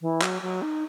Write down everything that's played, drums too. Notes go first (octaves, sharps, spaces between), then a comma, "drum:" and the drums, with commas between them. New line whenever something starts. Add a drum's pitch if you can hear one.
E3
F#3, drum: clap
F#3
D#4